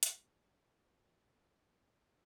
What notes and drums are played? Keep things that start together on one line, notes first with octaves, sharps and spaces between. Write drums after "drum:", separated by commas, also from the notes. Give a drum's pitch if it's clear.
drum: hi-hat
C#4
A3
G4